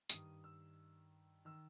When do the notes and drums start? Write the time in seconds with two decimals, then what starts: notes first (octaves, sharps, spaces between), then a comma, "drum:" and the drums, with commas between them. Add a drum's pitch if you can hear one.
0.10 G2 D#3 D#6, drum: tambourine
0.44 E6
1.45 D#3 E6